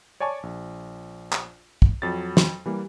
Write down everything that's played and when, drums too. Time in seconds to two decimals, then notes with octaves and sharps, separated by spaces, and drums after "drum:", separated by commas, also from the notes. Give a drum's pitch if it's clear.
0.20 C#5 D5 G#5 A5 C#6 D6
0.43 A#1
1.33 drum: clap
1.82 drum: kick
2.02 F2 F#3 A6
2.37 drum: snare
2.66 E3 G3 A#3